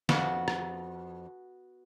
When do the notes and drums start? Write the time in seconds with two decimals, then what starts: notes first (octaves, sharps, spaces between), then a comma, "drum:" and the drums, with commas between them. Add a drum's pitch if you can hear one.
0.09 F2 B3 F#4, drum: snare
0.48 drum: rim click